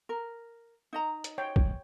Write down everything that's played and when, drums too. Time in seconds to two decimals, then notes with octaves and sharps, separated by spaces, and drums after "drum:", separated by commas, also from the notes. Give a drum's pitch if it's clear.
0.09 A#4
0.93 D#4 D#5 A#5
1.24 drum: hi-hat
1.38 C#5 G5
1.56 drum: kick